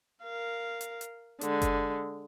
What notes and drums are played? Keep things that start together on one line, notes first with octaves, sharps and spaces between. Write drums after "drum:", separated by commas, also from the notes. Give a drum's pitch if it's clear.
A#4 F5
drum: hi-hat
drum: hi-hat
D3 G#3, drum: hi-hat
drum: kick F#1, hi-hat